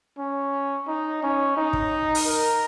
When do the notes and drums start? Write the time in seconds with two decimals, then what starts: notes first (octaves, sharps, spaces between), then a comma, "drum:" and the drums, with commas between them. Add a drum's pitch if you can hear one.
0.18 C#4
0.88 D#4
1.23 C#4
1.57 D#4
1.73 drum: kick
2.15 drum: open hi-hat
2.26 A#4